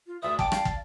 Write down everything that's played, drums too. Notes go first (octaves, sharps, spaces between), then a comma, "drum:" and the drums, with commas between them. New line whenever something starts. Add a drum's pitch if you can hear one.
F4
D2 B4 D5 E5 D#6
G5 A5 D6, drum: kick
F5, drum: rim click
drum: kick